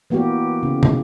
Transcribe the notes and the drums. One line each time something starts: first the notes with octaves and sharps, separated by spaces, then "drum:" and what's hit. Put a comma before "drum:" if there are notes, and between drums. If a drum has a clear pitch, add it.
E3 A#3 B3 F#4 G4
C#3
drum: tom